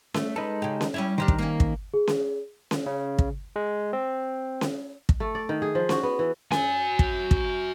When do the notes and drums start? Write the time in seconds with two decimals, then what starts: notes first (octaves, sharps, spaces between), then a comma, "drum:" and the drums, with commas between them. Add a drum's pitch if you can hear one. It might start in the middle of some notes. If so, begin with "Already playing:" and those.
0.14 A3, drum: snare C#4
0.36 G#3 D#4 A4 B4
0.62 C#3 G4
0.81 drum: snare C#4
0.94 G3 C#4 E4
1.18 D#3 D4 G4 C5 A#5 F6
1.28 drum: kick
1.38 A#3 C#4
1.60 drum: kick
1.94 G#4
2.07 drum: snare C#4
2.71 drum: snare C#4
2.86 C#3
3.19 drum: kick
3.56 G#3
3.93 C4
4.61 drum: snare C#4
5.09 drum: kick
5.20 A3
5.35 D5
5.49 D#3
5.62 G#4
5.75 F3
5.89 F#4, drum: snare C#4
6.03 B3
6.19 E3
6.52 F#4 G#5, drum: snare C#4
6.99 drum: kick
7.31 drum: kick